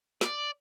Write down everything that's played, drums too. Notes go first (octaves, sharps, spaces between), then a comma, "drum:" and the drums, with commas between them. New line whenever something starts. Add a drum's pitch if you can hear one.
D5, drum: snare